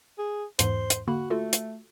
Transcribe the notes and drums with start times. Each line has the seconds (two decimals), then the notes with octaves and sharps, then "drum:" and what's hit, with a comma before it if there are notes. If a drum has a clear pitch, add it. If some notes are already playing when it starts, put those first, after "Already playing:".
0.19 G#4
0.59 E2 G#2 E3 C5, drum: hi-hat
0.90 drum: hi-hat
1.08 D3 A#3 F#4 B5
1.30 A3 F4 F#4 A4
1.53 drum: hi-hat